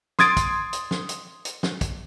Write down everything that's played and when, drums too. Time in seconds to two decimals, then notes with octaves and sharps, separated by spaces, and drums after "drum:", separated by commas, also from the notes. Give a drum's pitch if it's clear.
0.19 C6 D#6 G#6 A6 D7, drum: snare
0.37 drum: kick, hi-hat
0.73 drum: hi-hat
0.91 drum: snare
1.09 drum: hi-hat
1.45 drum: hi-hat
1.63 drum: snare
1.81 drum: kick, hi-hat